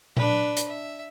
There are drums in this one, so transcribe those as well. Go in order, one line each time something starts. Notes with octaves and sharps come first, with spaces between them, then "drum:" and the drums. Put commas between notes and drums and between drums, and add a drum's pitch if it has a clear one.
D4 B4, drum: tom A#2
drum: hi-hat
E5